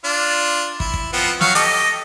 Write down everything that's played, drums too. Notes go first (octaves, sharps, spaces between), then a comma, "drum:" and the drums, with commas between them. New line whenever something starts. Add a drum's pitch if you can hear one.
D4 F4
E4, drum: kick
drum: kick
F3 B3 C4
F#3 F5 C#6, drum: snare
G4 A4 D#5, drum: hi-hat